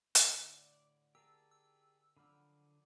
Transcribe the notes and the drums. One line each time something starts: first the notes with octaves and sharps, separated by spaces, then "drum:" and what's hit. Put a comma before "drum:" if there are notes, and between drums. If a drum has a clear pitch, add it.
A2 D3 D#4 E4, drum: hi-hat
D5
G4 G#4 A#4 A5 E6
E6
D3 F3 F#3 D4 B5 F6